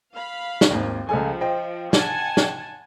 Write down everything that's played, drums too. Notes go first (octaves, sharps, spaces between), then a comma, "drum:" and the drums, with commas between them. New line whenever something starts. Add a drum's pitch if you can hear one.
F5 B5
drum: snare
G#1 D#2
C#2 F3 A4 G#5
C5 D#5 G5
F#5 G#5 A5, drum: snare
drum: snare